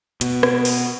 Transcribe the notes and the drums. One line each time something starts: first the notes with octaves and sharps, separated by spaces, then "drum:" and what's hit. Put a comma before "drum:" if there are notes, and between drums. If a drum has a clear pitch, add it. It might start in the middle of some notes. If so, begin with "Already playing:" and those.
B2, drum: hi-hat
drum: rim click
drum: open hi-hat